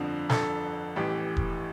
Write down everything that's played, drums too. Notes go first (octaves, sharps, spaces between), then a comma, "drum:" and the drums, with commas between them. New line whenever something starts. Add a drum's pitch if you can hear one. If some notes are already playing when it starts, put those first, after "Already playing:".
Already playing: G1 F2 D3 F3
A4, drum: snare
A1 A2 E3 G4
drum: kick E1